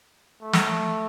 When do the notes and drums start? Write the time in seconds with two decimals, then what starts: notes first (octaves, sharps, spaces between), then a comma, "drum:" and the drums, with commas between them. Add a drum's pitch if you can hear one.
0.42 A3
0.53 drum: snare